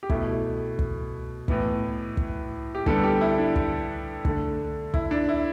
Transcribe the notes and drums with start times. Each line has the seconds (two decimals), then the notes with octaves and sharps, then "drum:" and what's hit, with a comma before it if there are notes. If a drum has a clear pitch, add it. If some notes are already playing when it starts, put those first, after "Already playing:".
0.03 G4
0.10 B2 A3 E4, drum: kick
0.79 drum: kick
1.48 A2 E3 B3, drum: kick
2.17 drum: kick
2.75 G4
2.86 D3 G3 B3 A4, drum: kick
3.04 G4
3.21 E4
3.38 D4
3.56 drum: kick
4.25 D3 A3, drum: kick
4.94 E4, drum: kick
5.11 D4
5.29 E4